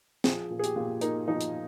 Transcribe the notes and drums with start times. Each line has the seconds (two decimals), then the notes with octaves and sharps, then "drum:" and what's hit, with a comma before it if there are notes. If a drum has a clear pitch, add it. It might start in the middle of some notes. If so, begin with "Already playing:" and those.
0.24 F3 G#4, drum: snare
0.50 A#2
0.59 G#4
0.64 G4, drum: hi-hat
0.76 A#2
1.01 A#3 D#4, drum: hi-hat
1.28 F3 D#4
1.41 drum: hi-hat